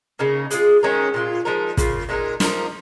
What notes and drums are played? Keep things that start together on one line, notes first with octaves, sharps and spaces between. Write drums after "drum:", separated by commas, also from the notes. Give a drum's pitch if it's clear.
C#3 A#3 D#4 A#4
G#3 F4 G#4, drum: hi-hat
D#3 G#3 C#4 A#4
A#2 G#3 F4
F3 G#3 D#4 A#4
C#3 A#3 F4, drum: kick, hi-hat
A#2 G#3 D#4 A#4
F3 A#3 D#4 A#4, drum: snare